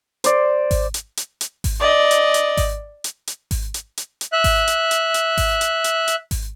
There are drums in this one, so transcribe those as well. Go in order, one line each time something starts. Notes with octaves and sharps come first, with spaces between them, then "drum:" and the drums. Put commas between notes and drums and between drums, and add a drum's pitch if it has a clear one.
C5 D5, drum: hi-hat
drum: kick G#1, open hi-hat
drum: hi-hat
drum: hi-hat
drum: hi-hat
drum: kick G#1, open hi-hat
D5 D#5
drum: hi-hat
drum: hi-hat
drum: kick G#1, open hi-hat
drum: hi-hat
drum: hi-hat
drum: kick G#1, open hi-hat
drum: hi-hat
drum: hi-hat
drum: hi-hat
E5 F#6
drum: kick G#1, open hi-hat
drum: hi-hat
drum: hi-hat
drum: hi-hat
drum: kick G#1, open hi-hat
drum: hi-hat
drum: hi-hat
drum: hi-hat
drum: kick G#1, open hi-hat